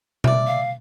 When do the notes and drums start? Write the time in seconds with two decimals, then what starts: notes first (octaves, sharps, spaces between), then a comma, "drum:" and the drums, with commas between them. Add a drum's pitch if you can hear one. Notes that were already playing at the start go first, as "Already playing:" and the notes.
0.24 D5 E5, drum: tom B2
0.47 F5